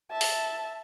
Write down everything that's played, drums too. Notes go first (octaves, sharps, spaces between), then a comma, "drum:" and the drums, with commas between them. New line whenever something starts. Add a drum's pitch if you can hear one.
E5 A5
drum: open hi-hat